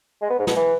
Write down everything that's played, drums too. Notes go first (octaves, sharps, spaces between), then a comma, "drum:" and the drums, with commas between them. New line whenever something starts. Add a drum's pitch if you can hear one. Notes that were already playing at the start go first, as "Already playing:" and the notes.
G#3
B3
G#2
B2, drum: snare
E3